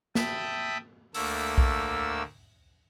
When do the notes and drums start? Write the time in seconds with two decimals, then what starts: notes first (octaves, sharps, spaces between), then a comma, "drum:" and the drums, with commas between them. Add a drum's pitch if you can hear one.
0.15 E5 G5 A5 B5 D#6, drum: snare
1.14 D2 A3 A#3 E6, drum: open hi-hat
1.58 drum: kick B1